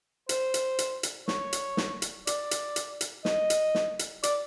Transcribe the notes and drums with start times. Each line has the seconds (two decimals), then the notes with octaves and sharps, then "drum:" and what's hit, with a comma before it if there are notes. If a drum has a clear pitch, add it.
0.29 C5, drum: hi-hat
0.54 drum: hi-hat
0.79 drum: hi-hat
1.03 drum: hi-hat
1.28 C#5, drum: snare
1.53 drum: hi-hat
1.77 drum: snare
2.02 drum: hi-hat
2.27 D5, drum: hi-hat
2.51 drum: hi-hat
2.76 drum: hi-hat
3.01 drum: hi-hat
3.25 D#5, drum: snare
3.50 drum: hi-hat
3.75 drum: snare
3.99 drum: hi-hat
4.23 D5, drum: hi-hat